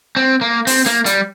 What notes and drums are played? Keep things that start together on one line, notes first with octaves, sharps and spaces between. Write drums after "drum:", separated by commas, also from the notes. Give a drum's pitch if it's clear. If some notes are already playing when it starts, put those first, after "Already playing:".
C4
A#3
C4, drum: open hi-hat
A#3, drum: snare
G3, drum: hi-hat